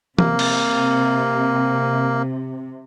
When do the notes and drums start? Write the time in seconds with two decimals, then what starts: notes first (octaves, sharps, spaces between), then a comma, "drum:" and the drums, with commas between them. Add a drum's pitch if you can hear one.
0.19 C3 A#3, drum: tom E3
0.39 drum: cymbal